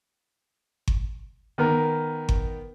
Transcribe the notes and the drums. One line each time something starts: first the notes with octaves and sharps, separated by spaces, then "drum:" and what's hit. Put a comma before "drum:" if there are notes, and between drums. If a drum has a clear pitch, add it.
drum: kick G1
D#3 B3 A#4
drum: kick G1